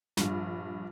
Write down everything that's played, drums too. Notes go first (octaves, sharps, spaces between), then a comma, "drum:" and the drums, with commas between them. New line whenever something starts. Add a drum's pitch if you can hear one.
A#1 G2, drum: snare